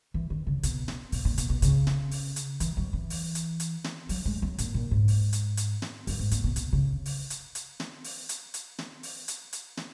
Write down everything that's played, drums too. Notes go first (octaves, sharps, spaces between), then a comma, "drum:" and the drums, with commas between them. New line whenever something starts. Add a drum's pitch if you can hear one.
E3
D#3
C#3
B2, drum: hi-hat
drum: snare
B2, drum: open hi-hat
A#2
B2, drum: hi-hat
B2
C#3, drum: hi-hat
drum: snare
drum: open hi-hat
drum: hi-hat
E3, drum: hi-hat
F#3
E3
drum: open hi-hat
drum: hi-hat
drum: hi-hat
drum: snare
F#3, drum: open hi-hat
G#3
F#3
A#2, drum: hi-hat
A#2
G#2
drum: open hi-hat
drum: hi-hat
drum: hi-hat
drum: snare
F#2, drum: open hi-hat
G#2
A#2, drum: hi-hat
B2
B2, drum: hi-hat
C#3
drum: open hi-hat
drum: hi-hat
drum: hi-hat
drum: snare
drum: open hi-hat
drum: hi-hat
drum: hi-hat
drum: snare
drum: open hi-hat
drum: hi-hat
drum: hi-hat
drum: snare